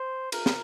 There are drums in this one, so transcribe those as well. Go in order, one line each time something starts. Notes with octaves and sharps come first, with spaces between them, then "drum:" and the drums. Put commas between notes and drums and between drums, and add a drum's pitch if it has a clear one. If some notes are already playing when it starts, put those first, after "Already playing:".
Already playing: C5
A#4, drum: cymbal
drum: snare